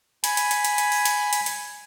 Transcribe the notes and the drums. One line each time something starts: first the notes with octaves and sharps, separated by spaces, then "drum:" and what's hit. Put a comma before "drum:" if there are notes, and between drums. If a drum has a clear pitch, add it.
G#5 B5, drum: hi-hat
drum: hi-hat
drum: hi-hat
drum: hi-hat
drum: hi-hat
drum: open hi-hat
drum: hi-hat
drum: hi-hat
drum: hi-hat